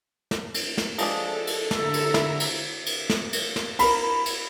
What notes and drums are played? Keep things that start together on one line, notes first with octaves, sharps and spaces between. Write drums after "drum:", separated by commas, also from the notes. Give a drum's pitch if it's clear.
drum: snare
drum: cymbal
drum: snare
F3 G#3 D4 A4, drum: cymbal
drum: cymbal
D3 A4 E5 A#5, drum: snare
drum: cymbal
E4, drum: snare
drum: cymbal
drum: cymbal
drum: snare
drum: cymbal
drum: snare
A#4 B5, drum: cymbal
drum: cymbal